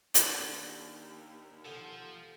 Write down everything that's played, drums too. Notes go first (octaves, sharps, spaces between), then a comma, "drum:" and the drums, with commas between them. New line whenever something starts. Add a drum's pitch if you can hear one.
D#2 D4, drum: hi-hat
F3 A4 F#5 G#5